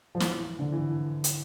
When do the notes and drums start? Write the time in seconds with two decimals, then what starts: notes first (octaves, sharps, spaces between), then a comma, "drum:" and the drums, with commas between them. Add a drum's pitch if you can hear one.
0.15 F3
0.20 E3, drum: snare
0.59 D3
0.72 E3
1.24 drum: hi-hat